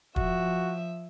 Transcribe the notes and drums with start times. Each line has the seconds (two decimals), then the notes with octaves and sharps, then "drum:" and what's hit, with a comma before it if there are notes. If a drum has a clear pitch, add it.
0.16 F3 F#4 E5, drum: kick